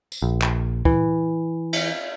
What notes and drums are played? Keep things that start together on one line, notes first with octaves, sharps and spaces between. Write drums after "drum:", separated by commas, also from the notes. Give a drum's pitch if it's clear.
drum: tambourine
A#1
drum: clap
E3, drum: kick
drum: cymbal